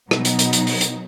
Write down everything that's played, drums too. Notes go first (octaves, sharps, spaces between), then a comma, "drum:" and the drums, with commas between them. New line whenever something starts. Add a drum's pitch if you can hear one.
B2 F#3 B3 D#4, drum: rim click
drum: hi-hat
drum: hi-hat
drum: hi-hat
drum: open hi-hat
drum: hi-hat